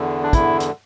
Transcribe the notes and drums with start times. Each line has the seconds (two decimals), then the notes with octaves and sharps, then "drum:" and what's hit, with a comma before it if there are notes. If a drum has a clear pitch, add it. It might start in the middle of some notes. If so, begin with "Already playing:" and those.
Already playing: E2 D3
0.23 D4
0.33 E2 D3 E4, drum: kick, hi-hat
0.60 drum: hi-hat